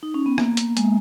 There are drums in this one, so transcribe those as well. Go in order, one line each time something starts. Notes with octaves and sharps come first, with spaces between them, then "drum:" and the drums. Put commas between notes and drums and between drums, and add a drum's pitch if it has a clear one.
D#4
C#4
B3
A#3, drum: rim click
drum: hi-hat
G#3, drum: hi-hat